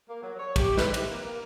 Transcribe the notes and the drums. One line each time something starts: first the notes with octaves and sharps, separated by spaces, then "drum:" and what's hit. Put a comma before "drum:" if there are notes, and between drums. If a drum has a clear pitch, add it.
A#3
F#3
C#5
G4, drum: kick, cymbal
B4, drum: snare
C3, drum: cymbal
A#3
A#3